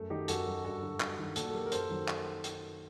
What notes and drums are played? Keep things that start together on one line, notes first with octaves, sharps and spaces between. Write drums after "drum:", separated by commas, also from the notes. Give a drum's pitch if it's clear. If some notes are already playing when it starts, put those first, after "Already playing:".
Already playing: F#2 A3
D#3 F#3 D#4 G4
F#2 F#4 A4, drum: hi-hat
F#3
G2 F#4 A4
D3 F#3
G2, drum: clap
D#3 F#3
A#2 F#4 A4, drum: hi-hat
A4
F#3 G4 A#4
A#4
F#2 A4 C5, drum: hi-hat
D#3 F#3
drum: clap
drum: hi-hat